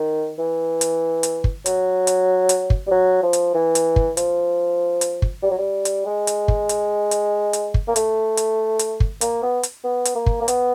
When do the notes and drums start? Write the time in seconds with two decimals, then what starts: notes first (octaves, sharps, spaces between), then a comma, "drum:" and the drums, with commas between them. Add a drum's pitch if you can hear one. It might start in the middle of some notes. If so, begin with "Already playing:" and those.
Already playing: D#3
0.39 E3
0.81 drum: hi-hat
1.23 drum: hi-hat
1.44 drum: kick
1.66 F#3, drum: hi-hat
2.07 drum: hi-hat
2.49 drum: hi-hat
2.70 drum: kick
2.87 G3
2.91 F#3
3.23 F3
3.33 drum: hi-hat
3.54 E3
3.75 drum: hi-hat
3.96 drum: kick
4.17 F3, drum: hi-hat
5.01 drum: hi-hat
5.22 drum: kick
5.43 G3
5.51 F#3
5.59 G3
5.85 drum: hi-hat
6.06 G#3
6.27 drum: hi-hat
6.48 drum: kick
6.69 drum: hi-hat
7.11 drum: hi-hat
7.53 drum: hi-hat
7.74 drum: kick
7.88 A#3
7.96 A3, drum: hi-hat
8.37 drum: hi-hat
8.79 drum: hi-hat
9.00 drum: kick
9.21 A#3, drum: hi-hat
9.43 B3
9.63 drum: hi-hat
9.84 B3
10.05 drum: hi-hat
10.15 A#3
10.26 drum: kick
10.41 A#3
10.48 B3, drum: hi-hat